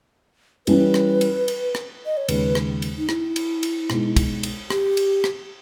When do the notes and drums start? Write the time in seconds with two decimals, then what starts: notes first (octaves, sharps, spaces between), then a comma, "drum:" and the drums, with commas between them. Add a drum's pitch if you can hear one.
0.67 E3 G3 C#4 B4, drum: cymbal
0.94 drum: rim click
1.21 drum: cymbal
1.48 drum: cymbal
1.75 drum: rim click
2.06 D#5
2.17 C#5
2.28 D#2 C#3 G#3 B4, drum: cymbal
2.55 drum: rim click
2.82 drum: cymbal
2.98 D#4
3.09 E4, drum: rim click
3.36 drum: cymbal
3.63 drum: cymbal
3.90 B2 G#3 D#4, drum: rim click
4.16 drum: kick, cymbal
4.43 drum: cymbal
4.70 G4, drum: rim click
4.97 drum: cymbal
5.24 drum: rim click